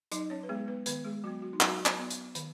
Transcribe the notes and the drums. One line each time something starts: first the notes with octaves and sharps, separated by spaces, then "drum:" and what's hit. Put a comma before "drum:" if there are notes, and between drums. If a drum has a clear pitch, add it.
F#3 D#4 D#5, drum: hi-hat
C#4 C#5
B4
G#3 B3 G#4
B3 B4
D#3 B3 B4, drum: hi-hat
G#3 G#4
F#3 B3 F#4
F#4
D#4
F#3 F#4, drum: clap
drum: clap
B3
drum: hi-hat
D#3, drum: hi-hat